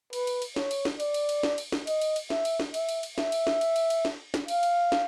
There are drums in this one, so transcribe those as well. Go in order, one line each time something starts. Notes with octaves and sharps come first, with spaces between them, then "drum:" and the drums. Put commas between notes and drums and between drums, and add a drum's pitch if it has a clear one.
B4, drum: cymbal
drum: cymbal
drum: cymbal
C#5, drum: snare
drum: cymbal
drum: snare
D5, drum: cymbal
drum: cymbal
drum: cymbal
drum: snare
drum: cymbal
drum: snare
D#5, drum: cymbal
drum: cymbal
drum: cymbal
E5, drum: snare
drum: cymbal
drum: snare
E5, drum: cymbal
drum: cymbal
drum: cymbal
E5, drum: snare
drum: cymbal
drum: snare
drum: cymbal
drum: cymbal
drum: cymbal
drum: snare
drum: snare
F5, drum: cymbal
drum: cymbal
drum: snare